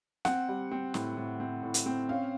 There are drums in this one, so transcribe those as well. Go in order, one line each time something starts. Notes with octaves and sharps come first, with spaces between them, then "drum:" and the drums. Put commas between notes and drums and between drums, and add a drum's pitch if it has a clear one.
C4 F#5, drum: snare
G3
C4
A2, drum: snare
A2
C4
A2
drum: hi-hat
C4
C#4 F5